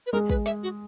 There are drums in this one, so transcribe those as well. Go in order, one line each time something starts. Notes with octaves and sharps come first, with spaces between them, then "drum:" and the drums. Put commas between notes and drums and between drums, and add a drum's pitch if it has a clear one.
B4
G#3 A#4
B4, drum: kick
E5, drum: snare
F#4